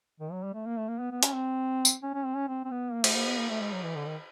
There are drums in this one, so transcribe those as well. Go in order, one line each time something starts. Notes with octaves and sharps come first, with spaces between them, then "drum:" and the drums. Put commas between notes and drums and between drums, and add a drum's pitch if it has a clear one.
D#3
F#3
G3
A3
A#3
A3
A#3
B3
B3
C#4, drum: hi-hat
C4
drum: tambourine
C#4
C#4
C4
C#4
C4
C4
B3
A#3
A3, drum: cymbal
A#3
B3
A#3
A3
G#3
F#3
E3
D3
D#3